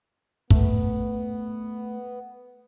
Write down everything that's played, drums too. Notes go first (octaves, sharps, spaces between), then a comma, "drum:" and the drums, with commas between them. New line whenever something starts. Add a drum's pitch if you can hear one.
A3 B3, drum: kick